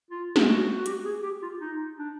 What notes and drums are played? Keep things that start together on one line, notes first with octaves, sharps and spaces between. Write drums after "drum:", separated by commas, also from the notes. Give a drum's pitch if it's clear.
F4
drum: snare
F#4
F#4
G4, drum: hi-hat
G#4
G4
F4
D#4
D4